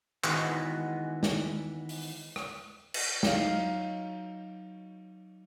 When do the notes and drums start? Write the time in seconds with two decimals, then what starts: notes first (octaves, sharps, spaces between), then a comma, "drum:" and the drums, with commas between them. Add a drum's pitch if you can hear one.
0.24 D#3 E3 G#3 B3 F#4, drum: clap
1.23 drum: snare
1.89 drum: open hi-hat
2.36 drum: rim click
2.94 drum: cymbal
3.23 F#3 D#4 F5, drum: snare